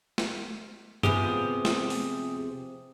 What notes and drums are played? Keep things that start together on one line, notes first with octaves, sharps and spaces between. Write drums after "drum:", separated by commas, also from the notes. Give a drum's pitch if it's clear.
drum: snare
C3 F3 B3 G4 G#4 D#6, drum: tom G2
drum: snare
drum: open hi-hat